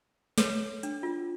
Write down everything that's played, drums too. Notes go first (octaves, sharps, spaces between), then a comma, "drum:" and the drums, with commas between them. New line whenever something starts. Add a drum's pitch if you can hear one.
A4 B4 C#5, drum: snare
D4, drum: hi-hat
F4